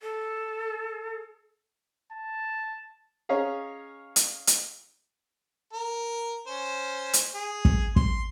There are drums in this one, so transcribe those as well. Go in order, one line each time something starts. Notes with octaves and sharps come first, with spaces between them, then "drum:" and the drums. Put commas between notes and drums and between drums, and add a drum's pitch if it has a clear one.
A4
A5
C#4 G#4 C#5 D#5 F5 A#5
drum: hi-hat
drum: hi-hat
A#4
C#4 C5
drum: hi-hat
G#4
drum: kick
C6, drum: kick